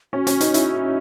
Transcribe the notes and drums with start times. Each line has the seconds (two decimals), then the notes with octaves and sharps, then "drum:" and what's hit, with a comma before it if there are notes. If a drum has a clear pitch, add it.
0.13 C#4 F#4
0.27 C#4, drum: hi-hat
0.41 D#4, drum: hi-hat
0.54 E4, drum: hi-hat